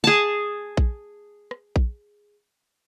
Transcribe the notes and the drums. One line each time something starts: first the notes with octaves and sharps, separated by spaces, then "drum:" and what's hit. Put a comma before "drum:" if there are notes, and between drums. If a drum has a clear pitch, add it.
G#4 A5
drum: kick A#1
drum: rim click
drum: kick A#1